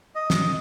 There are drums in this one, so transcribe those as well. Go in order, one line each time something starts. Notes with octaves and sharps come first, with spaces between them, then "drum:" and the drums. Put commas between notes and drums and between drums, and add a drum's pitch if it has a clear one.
D#5
drum: snare